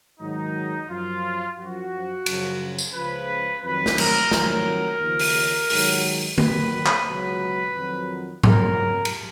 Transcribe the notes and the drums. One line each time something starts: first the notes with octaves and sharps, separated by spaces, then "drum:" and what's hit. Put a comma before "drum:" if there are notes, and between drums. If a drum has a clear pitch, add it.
G#2 D#3 F#3 D#4
F#2 F3 F4
F#2 F3 F#4
F#2 C#3 F3, drum: cymbal
drum: tambourine
C#2 C#3 F3 B4
F2 D#3 F#3 B4
drum: snare
A#4, drum: cymbal
F2 D#3 F#3 A#4, drum: snare
D#2 C#3 F3
drum: open hi-hat
G#2 D#3 F#3, drum: open hi-hat
D#2 D#3 F#3 B4, drum: tom D3
drum: clap
C#2 B2 F#3
F2 D#3 F#3
F2 C#3 F#3 A#4, drum: tom G#2
drum: cymbal